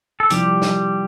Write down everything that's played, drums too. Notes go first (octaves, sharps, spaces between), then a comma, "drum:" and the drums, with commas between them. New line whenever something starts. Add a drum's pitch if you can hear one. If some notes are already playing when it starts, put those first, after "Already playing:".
A4
C3 F3 G3 C4 E4 G4, drum: hi-hat
drum: snare